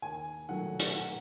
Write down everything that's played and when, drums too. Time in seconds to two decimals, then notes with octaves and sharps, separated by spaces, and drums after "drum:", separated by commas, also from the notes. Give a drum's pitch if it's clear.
0.02 D#2 G#5
0.49 D#3 F#3 A3 F#5
0.80 drum: hi-hat
0.95 F#5